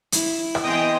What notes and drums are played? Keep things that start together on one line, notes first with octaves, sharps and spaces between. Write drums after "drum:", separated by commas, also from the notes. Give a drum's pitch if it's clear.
E4, drum: hi-hat
drum: rim click
E3 G#3 B3 C4 B4 D#5 G5 D#6